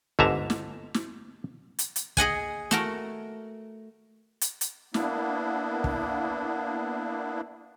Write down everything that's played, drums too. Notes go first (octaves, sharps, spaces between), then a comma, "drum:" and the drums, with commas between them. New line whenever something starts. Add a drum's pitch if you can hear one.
G1 G#2 D3 E5 A5 A#5, drum: kick
drum: snare
drum: snare
drum: hi-hat
drum: hi-hat
G#4 D#5 F#5 G#5, drum: kick
A3 F#4 A#4, drum: snare
drum: hi-hat
drum: hi-hat
A#3 B3 D4 E4, drum: snare
drum: kick